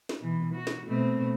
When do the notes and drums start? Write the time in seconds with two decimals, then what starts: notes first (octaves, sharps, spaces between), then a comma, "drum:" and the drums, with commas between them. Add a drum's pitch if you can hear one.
0.09 drum: snare
0.21 B2 E3
0.54 F#4
0.67 drum: snare
0.86 B2 A3 C4